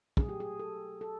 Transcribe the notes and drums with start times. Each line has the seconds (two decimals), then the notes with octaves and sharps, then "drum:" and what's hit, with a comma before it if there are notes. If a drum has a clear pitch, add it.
0.17 B2 F#3 A3 G#4, drum: kick
0.29 G4
0.40 G#4
0.60 A4
1.01 A4